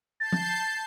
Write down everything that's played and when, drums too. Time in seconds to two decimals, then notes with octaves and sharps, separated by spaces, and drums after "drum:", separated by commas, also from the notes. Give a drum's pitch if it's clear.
0.20 A5 G6 A6 C7
0.32 drum: tom